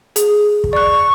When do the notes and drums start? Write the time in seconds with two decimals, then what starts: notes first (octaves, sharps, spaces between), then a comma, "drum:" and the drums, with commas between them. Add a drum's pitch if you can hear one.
0.16 G#4, drum: hi-hat
0.64 drum: kick
0.73 D5 C#6 F#6